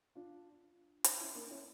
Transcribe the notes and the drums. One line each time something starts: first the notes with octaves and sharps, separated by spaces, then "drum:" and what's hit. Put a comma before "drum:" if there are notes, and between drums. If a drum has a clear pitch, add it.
D4 F4
drum: hi-hat
C#4 E4
A#3 D4
C#4 E4